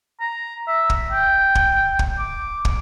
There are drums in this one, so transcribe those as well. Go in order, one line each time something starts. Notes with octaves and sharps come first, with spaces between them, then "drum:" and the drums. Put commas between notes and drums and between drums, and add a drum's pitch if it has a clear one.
A#5
E5
drum: kick
G5
drum: kick
drum: kick
D6
drum: kick